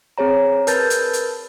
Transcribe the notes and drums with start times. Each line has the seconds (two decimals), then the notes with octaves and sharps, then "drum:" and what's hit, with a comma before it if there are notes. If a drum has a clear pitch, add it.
0.18 C4 G#4 C#5 A#5
0.67 A#4 B4 A5 G6 A6, drum: hi-hat
0.90 drum: hi-hat
1.13 drum: hi-hat